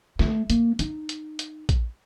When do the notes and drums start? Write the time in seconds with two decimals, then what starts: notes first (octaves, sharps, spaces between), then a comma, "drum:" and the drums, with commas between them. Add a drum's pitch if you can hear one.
0.19 A3, drum: snare
0.50 A#3, drum: hi-hat
0.79 D#4, drum: hi-hat
1.09 drum: hi-hat
1.39 drum: hi-hat
1.69 drum: kick A#1, hi-hat